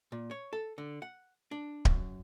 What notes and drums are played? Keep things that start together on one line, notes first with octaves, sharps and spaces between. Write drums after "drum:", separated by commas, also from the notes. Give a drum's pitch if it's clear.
A#2
C#5
A4
D3
F#5
D4
F#2, drum: kick D1